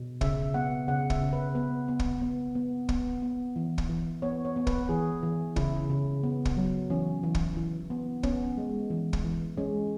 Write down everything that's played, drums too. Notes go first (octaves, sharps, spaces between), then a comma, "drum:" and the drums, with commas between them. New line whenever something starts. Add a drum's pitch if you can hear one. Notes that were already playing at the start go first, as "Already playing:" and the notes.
Already playing: B2
C#3 E5, drum: kick
B3 F#5
C#3 F#5
E5, drum: kick
C#3
B4
B3 B4
B3
drum: kick
B3
B3
B3, drum: kick
B3
E3
drum: kick
E3
B3 C#5
C#5
B3
B4, drum: kick
E3 G#4
E3
C#3 E4, drum: kick
C#3
B3
drum: kick
F#3
E3 C#4
E3
drum: kick
E3
B3
B3 C#4, drum: kick
G#3
E3
drum: kick
E3
G#3 C#4